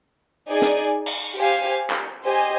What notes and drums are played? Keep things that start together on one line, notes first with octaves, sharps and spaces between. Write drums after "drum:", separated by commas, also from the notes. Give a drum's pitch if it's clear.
D#4 G#4 D5 G#5
drum: snare
drum: cymbal
G4 C5 F5 G#5
drum: clap
G4 C5 D#5 G#5